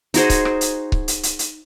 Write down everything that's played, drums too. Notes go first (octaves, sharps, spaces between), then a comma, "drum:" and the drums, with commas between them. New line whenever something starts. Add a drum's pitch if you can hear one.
D#4 F#4 G#4 C5, drum: hi-hat
drum: kick C#1, hi-hat
drum: rim click
drum: hi-hat
drum: kick C#1
drum: hi-hat
drum: hi-hat
drum: hi-hat